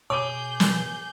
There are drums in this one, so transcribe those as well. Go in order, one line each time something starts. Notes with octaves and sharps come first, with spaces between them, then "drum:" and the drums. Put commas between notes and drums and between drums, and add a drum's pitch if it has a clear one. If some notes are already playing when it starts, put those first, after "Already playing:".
B2 G#4 C#5 D6 G6 D#7
drum: snare